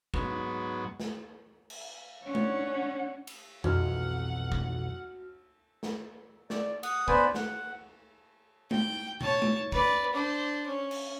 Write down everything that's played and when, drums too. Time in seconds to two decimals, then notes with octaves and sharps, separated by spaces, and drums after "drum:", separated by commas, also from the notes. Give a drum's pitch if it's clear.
0.14 G#2 F#3 B3, drum: kick
1.00 drum: snare
1.70 drum: cymbal
2.26 C#4 D4 C#5 F#5
2.35 drum: tom G#3
3.27 drum: cymbal
3.64 B1 F2 C3 E3 F#4 F#5 F6, drum: tom F2
4.52 drum: kick
5.83 drum: snare
6.50 D5, drum: snare
6.83 F#5 D#6, drum: cymbal
7.08 B3 B4 C5 D5 G#5 B5, drum: kick
7.35 F#5, drum: snare
8.71 G5, drum: tom G#3
9.21 C#5 A5, drum: tom
9.42 drum: tom G#3
9.72 B4 D5, drum: kick
10.13 D4 C5
10.67 C#4
10.91 drum: cymbal